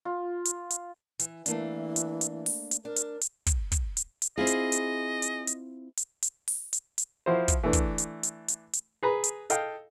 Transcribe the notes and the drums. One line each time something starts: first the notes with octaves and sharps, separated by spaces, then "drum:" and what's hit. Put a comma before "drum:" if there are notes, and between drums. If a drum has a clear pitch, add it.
F4
drum: hi-hat
drum: hi-hat
E3, drum: hi-hat
E3 A3 A#3 D4, drum: hi-hat
drum: hi-hat
drum: hi-hat
drum: open hi-hat
drum: hi-hat
D4 A#4
drum: hi-hat
drum: hi-hat
drum: kick, hi-hat
drum: kick, hi-hat
drum: hi-hat
drum: hi-hat
C4 E4 F4 G#4 D#5
drum: hi-hat
drum: hi-hat
drum: hi-hat
drum: hi-hat
drum: hi-hat
drum: hi-hat
drum: open hi-hat
drum: hi-hat
drum: hi-hat
F3 E4 F#4 C5
drum: kick, hi-hat
E3 A3 D4
drum: kick, hi-hat
drum: hi-hat
drum: hi-hat
drum: hi-hat
drum: hi-hat
G#4 B4 A#5
drum: hi-hat
A4 D#5 F5 G5, drum: hi-hat